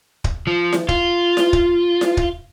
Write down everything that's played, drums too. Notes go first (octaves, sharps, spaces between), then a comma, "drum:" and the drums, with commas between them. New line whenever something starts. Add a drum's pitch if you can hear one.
drum: kick
F3
drum: snare E4
F4, drum: kick
drum: snare E4
drum: kick
drum: snare E4
drum: kick